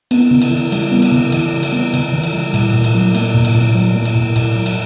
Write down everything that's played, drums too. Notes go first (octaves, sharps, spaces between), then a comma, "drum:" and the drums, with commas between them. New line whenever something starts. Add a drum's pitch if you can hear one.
B3, drum: cymbal
C#3
drum: cymbal
E3
G3, drum: cymbal
B3
drum: cymbal
C#3
E3, drum: cymbal
G3
drum: cymbal
B3
C#3, drum: cymbal
E3
drum: cymbal
G3
A#2, drum: cymbal
A#2
drum: cymbal
F#3
A#3, drum: cymbal
A#2
drum: cymbal
A#2
F#3
A#3
drum: cymbal
A#2
A#2, drum: cymbal
F#3
drum: cymbal